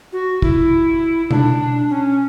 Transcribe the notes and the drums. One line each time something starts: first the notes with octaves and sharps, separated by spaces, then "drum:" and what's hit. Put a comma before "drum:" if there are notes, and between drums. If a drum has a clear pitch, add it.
F#4
E4, drum: kick
D4, drum: tom B2
C#4